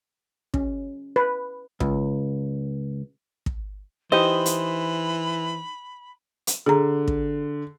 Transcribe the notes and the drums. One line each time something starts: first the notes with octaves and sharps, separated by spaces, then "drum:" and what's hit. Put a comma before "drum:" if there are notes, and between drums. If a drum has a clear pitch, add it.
C#4, drum: kick
B4
C#2, drum: kick
drum: kick
E3 D#4 G4 C5 D#5 B5
drum: hi-hat
drum: hi-hat
D3 G#4 A#5
drum: kick